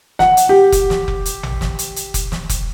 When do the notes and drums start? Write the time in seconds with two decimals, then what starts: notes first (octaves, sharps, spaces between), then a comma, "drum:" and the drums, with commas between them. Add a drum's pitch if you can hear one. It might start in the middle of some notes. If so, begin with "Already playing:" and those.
0.19 F#5, drum: snare
0.37 drum: hi-hat
0.49 G4
0.72 drum: kick F1, hi-hat
0.90 drum: snare
1.08 drum: kick F1
1.25 drum: hi-hat
1.43 drum: tom A1
1.61 drum: snare
1.79 drum: hi-hat
1.96 drum: hi-hat
2.14 drum: kick F1, hi-hat
2.32 drum: snare
2.49 drum: kick F1, hi-hat